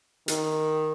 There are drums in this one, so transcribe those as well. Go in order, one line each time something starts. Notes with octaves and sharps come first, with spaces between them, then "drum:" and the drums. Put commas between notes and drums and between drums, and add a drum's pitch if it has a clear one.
D#3, drum: hi-hat